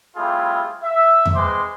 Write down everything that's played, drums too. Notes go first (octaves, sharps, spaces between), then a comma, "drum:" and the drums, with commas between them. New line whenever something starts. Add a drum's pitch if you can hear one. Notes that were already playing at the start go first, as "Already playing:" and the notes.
G3 A3 C4 E4 F4 G#4
E5
drum: tom E2
G#3 C4 B4 C5 C6 D6